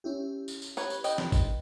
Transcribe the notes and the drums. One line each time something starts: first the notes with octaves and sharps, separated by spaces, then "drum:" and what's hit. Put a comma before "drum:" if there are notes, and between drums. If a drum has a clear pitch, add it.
C#4 E4 G4
drum: tambourine
drum: tambourine
B4 C#5, drum: tambourine
drum: tambourine
B4 D#5 G5, drum: tambourine
drum: snare
drum: kick G#1, tambourine